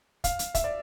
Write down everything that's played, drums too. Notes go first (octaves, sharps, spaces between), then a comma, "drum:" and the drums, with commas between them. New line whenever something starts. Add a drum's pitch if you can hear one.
F5, drum: kick, hi-hat
drum: hi-hat
E5, drum: kick, hi-hat
D5